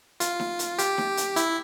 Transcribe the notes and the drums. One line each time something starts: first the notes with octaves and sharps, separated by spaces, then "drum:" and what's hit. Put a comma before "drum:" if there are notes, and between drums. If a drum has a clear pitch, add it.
F4, drum: hi-hat
drum: snare D#4
drum: hi-hat
G4, drum: hi-hat
drum: snare D#4
drum: hi-hat
E4, drum: hi-hat